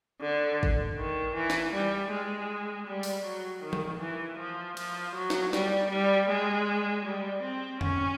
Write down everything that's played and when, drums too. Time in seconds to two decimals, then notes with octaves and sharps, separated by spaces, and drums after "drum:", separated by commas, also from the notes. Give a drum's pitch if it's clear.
0.21 D3
0.63 drum: kick G#1
0.97 D#3
1.35 E3
1.50 drum: snare
1.73 G3
2.11 G#3
2.87 G3
3.03 drum: open hi-hat
3.25 F#3
3.63 D#3
3.73 drum: tom E3
4.01 E3
4.38 F3
4.77 F3, drum: cymbal
5.15 F#3
5.30 drum: snare
5.53 G3, drum: snare
5.91 G3
6.29 G#3
7.05 G3
7.43 C4
7.81 C#4, drum: tom F2